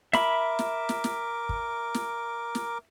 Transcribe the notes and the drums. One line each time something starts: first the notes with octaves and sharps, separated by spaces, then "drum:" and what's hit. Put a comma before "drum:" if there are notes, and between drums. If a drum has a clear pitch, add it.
A#4 E5 B5 D6, drum: snare
drum: snare
drum: snare
drum: snare
drum: kick
drum: snare
drum: snare